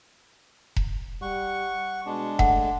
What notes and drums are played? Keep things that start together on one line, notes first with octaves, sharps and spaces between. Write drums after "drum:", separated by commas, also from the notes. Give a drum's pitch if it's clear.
drum: kick E1
G3 F#5 C#6
B2 G#3 D4
A3 F#5, drum: kick E1